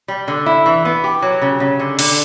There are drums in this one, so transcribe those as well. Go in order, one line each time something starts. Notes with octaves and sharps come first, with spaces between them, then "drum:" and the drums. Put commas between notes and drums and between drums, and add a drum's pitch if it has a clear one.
G3
D3
E4
E3
B3
G4
F#3
C#3
C#3
D3
D3, drum: cymbal